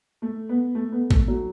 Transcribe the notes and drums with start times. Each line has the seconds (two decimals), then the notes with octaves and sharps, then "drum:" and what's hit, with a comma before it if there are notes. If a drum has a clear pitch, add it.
0.22 A3
0.49 B3
0.75 A3
0.92 B3
1.11 A3, drum: kick
1.28 F#3